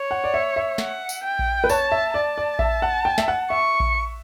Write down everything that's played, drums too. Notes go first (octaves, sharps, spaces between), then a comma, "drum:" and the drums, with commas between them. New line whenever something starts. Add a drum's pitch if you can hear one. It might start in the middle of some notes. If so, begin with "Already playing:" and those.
Already playing: C#5
F#5
D5
E5
E5
F#5, drum: snare
drum: tambourine
G5
drum: kick A#1
B4
C#5 A5, drum: tambourine
E5
D5 A5
D5
E5, drum: kick A#1
F#5
G5
E5, drum: snare
F#5
E5 C#6
drum: kick A#1